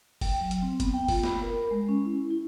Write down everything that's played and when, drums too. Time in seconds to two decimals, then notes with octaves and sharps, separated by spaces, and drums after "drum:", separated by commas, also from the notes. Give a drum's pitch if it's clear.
0.21 G5, drum: kick F#1, open hi-hat
0.41 F#3
0.51 drum: hi-hat
0.62 C4
0.80 B3, drum: kick F#1, hi-hat
0.94 G5
1.08 F4, drum: kick F#1, open hi-hat
1.24 B5, drum: snare
1.42 A#4
1.71 G#3
1.88 C#4
2.05 E4
2.30 E4